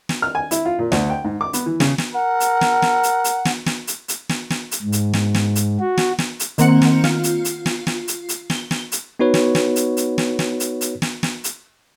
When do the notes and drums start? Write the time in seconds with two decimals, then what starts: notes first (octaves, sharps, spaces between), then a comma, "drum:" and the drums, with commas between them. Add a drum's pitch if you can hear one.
0.09 drum: snare
0.22 F6
0.35 G#5
0.51 E4, drum: hi-hat
0.65 F4
0.78 A#2
0.92 D2, drum: snare
1.10 G5
1.24 G#2
1.41 D6
1.53 B3, drum: hi-hat
1.66 E3
1.80 C#3, drum: snare
1.98 drum: snare
2.14 A#4 F#5
2.40 drum: hi-hat
2.61 drum: snare
2.82 drum: snare
3.03 drum: hi-hat
3.24 drum: hi-hat
3.45 drum: snare
3.66 drum: snare
3.87 drum: hi-hat
4.08 drum: hi-hat
4.29 drum: snare
4.50 drum: snare
4.71 drum: hi-hat
4.83 G#2
4.92 drum: hi-hat
5.13 drum: snare
5.34 drum: snare
5.55 drum: hi-hat
5.80 F#4
5.97 drum: snare
6.19 drum: snare
6.40 drum: hi-hat
6.58 D#3 A#3 C4 F#5 C#7, drum: hi-hat
6.82 drum: snare
7.04 F4, drum: snare
7.24 drum: hi-hat
7.45 drum: hi-hat
7.66 drum: snare
7.87 drum: snare
8.08 drum: hi-hat
8.29 drum: hi-hat
8.50 G7, drum: snare
8.71 drum: snare
8.92 drum: hi-hat
9.19 B3 D#4 F#4 B4 C#5
9.34 drum: snare
9.55 drum: snare
9.76 drum: hi-hat
9.97 drum: hi-hat
10.18 drum: snare
10.39 drum: snare
10.60 drum: hi-hat
10.81 drum: hi-hat
11.02 drum: snare
11.23 drum: snare
11.44 drum: hi-hat